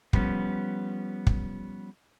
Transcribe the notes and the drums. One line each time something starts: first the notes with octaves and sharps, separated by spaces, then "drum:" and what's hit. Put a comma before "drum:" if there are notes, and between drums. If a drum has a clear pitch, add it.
F3 G3 B3 C#4, drum: kick
drum: kick